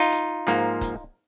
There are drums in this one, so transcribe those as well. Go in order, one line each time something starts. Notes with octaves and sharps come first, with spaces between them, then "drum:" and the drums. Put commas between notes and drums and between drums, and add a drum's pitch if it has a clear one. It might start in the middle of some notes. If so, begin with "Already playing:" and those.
Already playing: D#4 F4
drum: hi-hat
G#2 F3 A#3, drum: snare
drum: kick, hi-hat